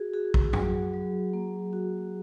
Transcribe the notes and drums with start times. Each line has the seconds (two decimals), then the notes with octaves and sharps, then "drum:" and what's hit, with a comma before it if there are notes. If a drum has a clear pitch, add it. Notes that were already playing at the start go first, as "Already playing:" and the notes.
Already playing: F#4 G#4
0.14 F#4 G#4
0.34 drum: kick
0.53 F#3, drum: tom
0.94 F#3
1.33 A#3
1.73 F#4